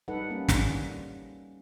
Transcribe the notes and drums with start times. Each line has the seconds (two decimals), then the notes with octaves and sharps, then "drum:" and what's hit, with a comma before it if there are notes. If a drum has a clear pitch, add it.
0.08 G3 D#4 A4 B4 F#5
0.30 G3 A#3 C#4
0.49 drum: snare